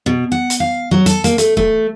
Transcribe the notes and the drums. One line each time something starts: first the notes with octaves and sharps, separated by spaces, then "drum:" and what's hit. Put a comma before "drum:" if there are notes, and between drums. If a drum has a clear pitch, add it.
B2
F#5
drum: hi-hat
F5
F#3
A4, drum: hi-hat
A#3, drum: hi-hat
A3, drum: hi-hat
A3, drum: kick